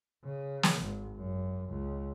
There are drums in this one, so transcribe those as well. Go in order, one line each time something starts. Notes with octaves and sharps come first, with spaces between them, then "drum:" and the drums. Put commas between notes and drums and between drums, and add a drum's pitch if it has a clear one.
C#3
drum: snare
G#1
F#2
C#2